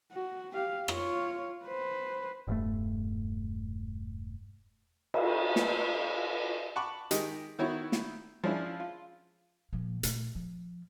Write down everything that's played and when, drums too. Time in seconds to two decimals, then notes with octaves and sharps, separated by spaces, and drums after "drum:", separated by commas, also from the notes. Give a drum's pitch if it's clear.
0.12 F#4
0.54 G4 F5
0.88 F4 C#5, drum: rim click
1.65 B4 C5
2.47 E1 G2 A3
5.14 drum: cymbal
5.56 drum: snare
6.76 F#5 A5 B5 C#6 D6
7.11 D#3 G#3 G4 D#5, drum: hi-hat
7.59 D#3 B3 E4 F#4 C#5
7.92 drum: snare
8.44 F3 G#3 C#4 D4 E4
8.80 F4
9.73 A#2 F3
10.03 A#2 A3, drum: hi-hat
10.35 F3